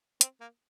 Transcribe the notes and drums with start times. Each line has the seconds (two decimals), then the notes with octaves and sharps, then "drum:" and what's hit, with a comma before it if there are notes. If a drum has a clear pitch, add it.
0.21 C4, drum: hi-hat
0.40 A#3